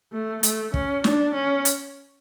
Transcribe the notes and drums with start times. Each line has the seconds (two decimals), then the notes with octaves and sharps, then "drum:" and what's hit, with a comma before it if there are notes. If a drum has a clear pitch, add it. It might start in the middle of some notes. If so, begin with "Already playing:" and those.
0.13 A3
0.43 A3, drum: hi-hat
0.74 C#4, drum: kick
1.04 D4, drum: snare
1.34 C#4
1.65 drum: hi-hat